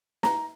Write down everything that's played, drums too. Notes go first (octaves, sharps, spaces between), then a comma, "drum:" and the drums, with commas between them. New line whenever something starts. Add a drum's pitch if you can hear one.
A#5, drum: snare